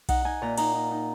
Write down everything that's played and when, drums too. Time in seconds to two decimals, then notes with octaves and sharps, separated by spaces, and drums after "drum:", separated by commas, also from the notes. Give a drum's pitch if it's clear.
0.09 D#4 F#5, drum: kick B1, cymbal
0.25 D#4 G#5
0.42 A#2 A#5
0.58 D#4 A#5, drum: cymbal
0.75 D#4
0.91 D#4